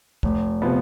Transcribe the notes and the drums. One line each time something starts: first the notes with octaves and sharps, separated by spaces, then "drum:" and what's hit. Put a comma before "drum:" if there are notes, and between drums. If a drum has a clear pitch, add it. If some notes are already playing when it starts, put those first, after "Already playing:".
F1, drum: kick
C3 F3 B3